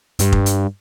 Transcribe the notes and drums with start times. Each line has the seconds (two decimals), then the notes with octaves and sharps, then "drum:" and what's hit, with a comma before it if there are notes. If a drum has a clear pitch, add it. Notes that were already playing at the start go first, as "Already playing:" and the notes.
0.19 G2, drum: hi-hat
0.32 drum: kick F1
0.46 drum: hi-hat